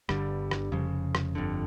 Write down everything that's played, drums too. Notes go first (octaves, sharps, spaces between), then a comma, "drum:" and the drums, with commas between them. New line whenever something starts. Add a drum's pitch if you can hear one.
G1 G2 D3 G3, drum: rim click
drum: rim click
F1 F2 C#3
drum: rim click
G1 F2 D3